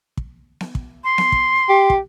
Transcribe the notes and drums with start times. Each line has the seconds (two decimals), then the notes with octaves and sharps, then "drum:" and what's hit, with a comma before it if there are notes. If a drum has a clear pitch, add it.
0.17 drum: kick
0.61 drum: snare B3
0.75 drum: kick
1.04 C6
1.18 drum: snare B3
1.32 drum: kick
1.69 G4
1.90 drum: kick